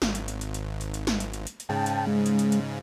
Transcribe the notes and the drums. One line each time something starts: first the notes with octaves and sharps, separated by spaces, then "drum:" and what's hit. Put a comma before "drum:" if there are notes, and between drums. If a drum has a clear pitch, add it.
G#1, drum: snare
drum: hi-hat
drum: hi-hat
drum: hi-hat
drum: hi-hat
drum: hi-hat
drum: hi-hat
drum: snare
drum: hi-hat
drum: hi-hat
drum: hi-hat
drum: hi-hat
G#2 C#3 G5 A5
drum: hi-hat
G#3
drum: hi-hat
drum: hi-hat
drum: hi-hat